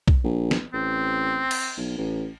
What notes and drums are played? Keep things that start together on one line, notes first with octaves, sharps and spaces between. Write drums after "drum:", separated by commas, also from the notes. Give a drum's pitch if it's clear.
drum: kick B1
A#1
drum: snare
A1 C4
drum: cymbal
B1
A1